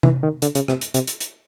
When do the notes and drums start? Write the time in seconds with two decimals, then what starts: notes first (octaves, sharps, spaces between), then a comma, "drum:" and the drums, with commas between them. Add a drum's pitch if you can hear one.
0.03 E3, drum: tom C3
0.23 D#3
0.42 D3, drum: hi-hat
0.55 C#3, drum: hi-hat
0.68 C3, drum: rim click
0.81 drum: hi-hat
0.94 C3, drum: hi-hat
1.07 drum: hi-hat
1.20 drum: hi-hat